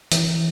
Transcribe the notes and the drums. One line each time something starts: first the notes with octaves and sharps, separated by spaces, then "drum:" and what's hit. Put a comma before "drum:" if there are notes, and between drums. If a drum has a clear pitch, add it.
E3, drum: hi-hat